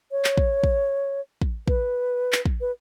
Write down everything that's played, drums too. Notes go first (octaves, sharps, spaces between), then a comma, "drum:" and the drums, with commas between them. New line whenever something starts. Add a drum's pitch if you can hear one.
C#5
drum: clap
drum: kick
drum: kick
drum: kick
B4, drum: kick
drum: clap
drum: kick
B4